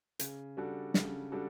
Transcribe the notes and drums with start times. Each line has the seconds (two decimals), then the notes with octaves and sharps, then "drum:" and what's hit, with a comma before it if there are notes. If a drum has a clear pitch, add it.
0.19 C#3, drum: hi-hat
0.57 G3 D4 F#4 A4
0.94 C#3, drum: snare
1.32 G3 D4 F#4 A4